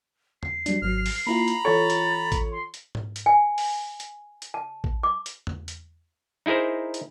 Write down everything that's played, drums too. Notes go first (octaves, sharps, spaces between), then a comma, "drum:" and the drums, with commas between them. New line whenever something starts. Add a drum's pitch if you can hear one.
C7, drum: tom E2
F#3 G3 D4, drum: hi-hat
G#1 F#3 F6
drum: open hi-hat
A#3 E4 F4 A#5 B5
drum: hi-hat
E3 F4 A4 C#5 A6
drum: hi-hat
drum: kick A1, hi-hat
C6
drum: hi-hat
drum: tom G#2
drum: hi-hat
G#5
drum: open hi-hat
drum: hi-hat
drum: hi-hat
A5
drum: kick A1
D6
drum: hi-hat
drum: tom E2
drum: hi-hat
D#4 E4 G#4 A#4 C5
drum: hi-hat